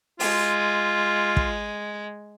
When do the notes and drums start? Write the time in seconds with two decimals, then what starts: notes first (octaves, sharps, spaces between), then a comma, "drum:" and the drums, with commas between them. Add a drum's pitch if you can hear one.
0.20 G#3 F4, drum: open hi-hat
1.37 drum: kick